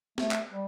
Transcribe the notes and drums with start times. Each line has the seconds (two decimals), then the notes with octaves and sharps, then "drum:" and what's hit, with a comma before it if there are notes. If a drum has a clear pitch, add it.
0.18 A3, drum: snare
0.31 drum: clap
0.50 G3